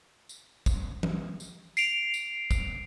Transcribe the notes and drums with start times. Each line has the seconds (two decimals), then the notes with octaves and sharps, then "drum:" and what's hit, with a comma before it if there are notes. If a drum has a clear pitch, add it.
0.29 drum: tambourine
0.66 drum: kick, tambourine
1.03 drum: tom
1.40 drum: tambourine
1.77 C7 D7 F7, drum: tambourine
2.14 drum: tambourine
2.51 drum: kick, tambourine